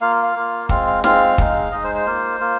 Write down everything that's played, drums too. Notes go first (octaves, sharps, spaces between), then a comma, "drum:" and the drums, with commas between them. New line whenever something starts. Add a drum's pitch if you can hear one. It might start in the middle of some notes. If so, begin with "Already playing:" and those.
A#3 F4 F5
F5
A#3 F4
G#3 C4 F4 F5, drum: kick
F5
G#3 C4 F4 F5, drum: snare
G#3 D#4, drum: kick
G#3 D#4 D#5
C5
C5
A#3 F4
A#3 F4